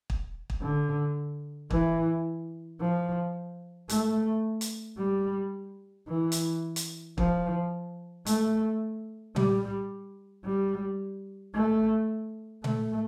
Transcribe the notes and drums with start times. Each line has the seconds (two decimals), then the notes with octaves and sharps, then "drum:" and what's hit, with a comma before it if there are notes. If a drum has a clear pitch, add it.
0.10 drum: kick
0.50 drum: kick
0.61 D3
1.71 E3, drum: kick
2.80 F3
3.89 A3, drum: hi-hat
4.61 drum: hi-hat
4.98 G3
6.08 E3
6.32 drum: hi-hat
6.76 drum: hi-hat
7.18 F3, drum: kick
8.26 A3, drum: hi-hat
9.36 G3, drum: tom A#2
10.45 G3
11.54 A3
12.64 A3, drum: tom A#2